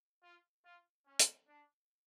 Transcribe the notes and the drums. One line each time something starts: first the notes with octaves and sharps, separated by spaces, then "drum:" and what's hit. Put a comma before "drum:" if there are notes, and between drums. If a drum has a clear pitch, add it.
F4
F4
C#4
drum: hi-hat
D4